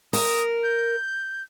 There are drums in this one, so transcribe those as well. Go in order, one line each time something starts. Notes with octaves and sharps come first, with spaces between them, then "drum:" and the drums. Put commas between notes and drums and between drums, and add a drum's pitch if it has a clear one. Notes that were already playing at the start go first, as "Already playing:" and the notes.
A#4 D#6, drum: open hi-hat
G6